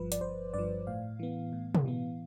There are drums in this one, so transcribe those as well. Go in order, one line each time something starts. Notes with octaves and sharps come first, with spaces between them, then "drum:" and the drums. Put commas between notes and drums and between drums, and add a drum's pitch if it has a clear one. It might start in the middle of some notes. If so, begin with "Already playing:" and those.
Already playing: G1 G2 F3 B4
D5, drum: hi-hat
G1 C5
G2 F3 D5
A2 F5
E3 B3
A2
drum: tom
E3 B3